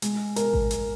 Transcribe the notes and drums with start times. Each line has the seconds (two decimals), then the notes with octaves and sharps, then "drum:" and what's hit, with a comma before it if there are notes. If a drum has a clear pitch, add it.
0.02 G#3, drum: hi-hat
0.36 A#4, drum: hi-hat
0.53 drum: kick A1
0.71 drum: hi-hat